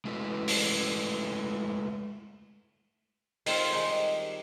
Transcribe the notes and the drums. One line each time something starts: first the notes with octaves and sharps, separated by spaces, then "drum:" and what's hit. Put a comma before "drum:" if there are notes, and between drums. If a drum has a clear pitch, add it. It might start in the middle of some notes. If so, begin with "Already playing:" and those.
G#3 A3 E4 B4
drum: open hi-hat
D#3 C4 F4, drum: open hi-hat
D#3 G3 G#3 D#4 D#5